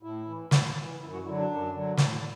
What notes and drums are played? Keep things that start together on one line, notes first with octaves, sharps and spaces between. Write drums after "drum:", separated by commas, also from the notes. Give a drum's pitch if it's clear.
A2 E4
E3
A2, drum: snare
E3
F#2 E4
F#4
D3 F#3 E4
D4
F#2
D3 F#3
A2, drum: snare